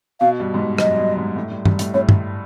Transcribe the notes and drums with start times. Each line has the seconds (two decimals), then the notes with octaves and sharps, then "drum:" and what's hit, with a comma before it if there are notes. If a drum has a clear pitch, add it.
0.20 B2 F5
0.40 G2
0.54 G#2
0.59 G2
0.78 F#2 D#5, drum: rim click
0.97 G2
1.17 G#2
1.36 A2
1.51 G2
1.65 G2, drum: tom G2
1.79 A2, drum: hi-hat
1.94 A2 C#5
2.09 drum: tom G2